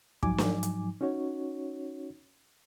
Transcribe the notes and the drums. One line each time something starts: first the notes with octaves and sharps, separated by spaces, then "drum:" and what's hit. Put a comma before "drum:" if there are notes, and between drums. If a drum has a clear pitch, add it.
G#2 F3 F#3 D#4 G#5 D6, drum: kick
drum: snare
drum: hi-hat
C#4 D#4 F#4 C#5